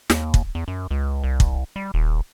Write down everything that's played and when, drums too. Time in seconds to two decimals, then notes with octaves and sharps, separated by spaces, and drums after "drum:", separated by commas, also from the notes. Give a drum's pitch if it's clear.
0.10 D#2, drum: snare
0.34 drum: kick
0.55 E2
0.68 F#2
0.91 C#2
1.24 C2
1.40 drum: kick
1.76 G3
1.94 D#1